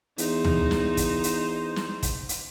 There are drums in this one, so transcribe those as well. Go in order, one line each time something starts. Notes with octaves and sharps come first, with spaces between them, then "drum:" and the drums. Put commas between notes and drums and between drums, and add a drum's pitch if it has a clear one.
E2 D#4 C5, drum: hi-hat
drum: tom
drum: snare
drum: kick, hi-hat
drum: hi-hat
drum: snare
drum: kick, hi-hat
drum: hi-hat